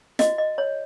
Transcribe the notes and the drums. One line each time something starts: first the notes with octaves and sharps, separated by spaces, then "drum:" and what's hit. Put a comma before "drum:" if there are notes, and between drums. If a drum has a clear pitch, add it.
F#4 D#5, drum: snare
D#5
C#5